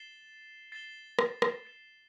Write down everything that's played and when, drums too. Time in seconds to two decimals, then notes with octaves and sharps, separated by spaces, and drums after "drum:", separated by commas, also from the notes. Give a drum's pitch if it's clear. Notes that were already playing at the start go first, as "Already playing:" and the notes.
Already playing: A6 C7 E7 G7
0.72 A6 C7 E7 G7
1.19 drum: rim click
1.42 drum: rim click
1.65 A6 C7 E7 G7